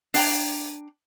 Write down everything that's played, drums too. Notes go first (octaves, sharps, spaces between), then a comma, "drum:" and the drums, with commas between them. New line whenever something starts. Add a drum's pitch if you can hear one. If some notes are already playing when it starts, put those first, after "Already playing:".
D4 G5 A#5, drum: open hi-hat